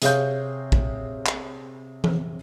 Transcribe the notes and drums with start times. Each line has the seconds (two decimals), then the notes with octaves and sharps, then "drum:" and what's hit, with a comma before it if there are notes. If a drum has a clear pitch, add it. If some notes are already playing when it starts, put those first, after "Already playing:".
0.02 C3 G#4 C#5 F5 G6, drum: hi-hat
0.72 drum: kick A#1
1.26 drum: clap
2.04 drum: tom E3